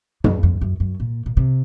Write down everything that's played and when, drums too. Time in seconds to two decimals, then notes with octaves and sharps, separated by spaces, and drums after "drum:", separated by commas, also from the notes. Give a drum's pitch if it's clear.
0.24 F#2, drum: tom
0.43 F2
0.61 F#2
0.80 F#2
1.00 A#2
1.26 A#2
1.37 C3